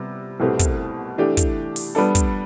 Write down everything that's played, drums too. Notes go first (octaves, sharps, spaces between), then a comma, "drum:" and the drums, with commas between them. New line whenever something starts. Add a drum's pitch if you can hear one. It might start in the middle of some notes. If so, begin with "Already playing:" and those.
Already playing: C3 G3 B3
C2 B2 A3 C4 G4
drum: kick, hi-hat
E3 A3 D4 G4
drum: kick, hi-hat
drum: open hi-hat
G3 B3 D4 A4
drum: kick, hi-hat